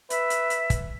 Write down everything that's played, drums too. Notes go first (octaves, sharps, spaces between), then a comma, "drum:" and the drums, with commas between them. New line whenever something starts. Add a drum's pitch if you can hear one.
B4 E5, drum: hi-hat
drum: hi-hat
drum: hi-hat
drum: kick, hi-hat